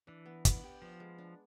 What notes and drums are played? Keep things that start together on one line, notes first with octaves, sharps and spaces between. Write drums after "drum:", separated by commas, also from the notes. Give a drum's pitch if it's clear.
E3 D4
B3
B3, drum: kick, hi-hat
G4
F3 B3
G#3
D4